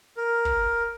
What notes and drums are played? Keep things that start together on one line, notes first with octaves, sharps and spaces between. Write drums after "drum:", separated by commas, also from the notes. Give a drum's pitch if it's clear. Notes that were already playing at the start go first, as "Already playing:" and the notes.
A#4
drum: kick